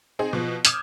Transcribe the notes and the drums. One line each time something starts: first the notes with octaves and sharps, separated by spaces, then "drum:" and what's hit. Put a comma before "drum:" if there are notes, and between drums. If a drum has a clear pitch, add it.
C4 D#4 G#4
B2 F3
D6 D#6 F6 G6 G#6 E7, drum: hi-hat